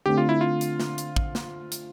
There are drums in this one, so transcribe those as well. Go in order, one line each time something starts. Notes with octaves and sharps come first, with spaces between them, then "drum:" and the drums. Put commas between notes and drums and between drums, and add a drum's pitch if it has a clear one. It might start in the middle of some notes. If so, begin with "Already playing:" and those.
D3 A3 C4 G4
F4
E4
F4
drum: hi-hat
drum: snare
drum: hi-hat
drum: kick
drum: snare
drum: hi-hat